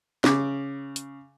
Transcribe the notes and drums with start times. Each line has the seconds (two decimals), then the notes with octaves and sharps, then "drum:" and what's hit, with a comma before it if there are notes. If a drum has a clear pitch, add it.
0.24 C#3 D6, drum: snare
0.96 drum: hi-hat